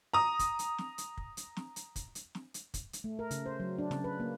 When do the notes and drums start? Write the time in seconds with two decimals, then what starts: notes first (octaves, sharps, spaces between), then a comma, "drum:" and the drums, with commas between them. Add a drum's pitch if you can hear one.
0.14 A#5 D#6
0.39 drum: kick, hi-hat
0.59 drum: hi-hat
0.78 drum: snare
0.98 drum: hi-hat
1.17 drum: kick
1.37 drum: hi-hat
1.57 drum: snare
1.76 drum: hi-hat
1.96 drum: kick, hi-hat
2.15 drum: hi-hat
2.35 drum: snare
2.54 drum: hi-hat
2.74 drum: kick, hi-hat
2.93 drum: hi-hat
3.04 A3
3.19 A#4
3.31 C#3, drum: hi-hat
3.46 C5
3.60 F#3
3.78 D4
3.91 C#3, drum: snare
4.04 B4
4.20 A#3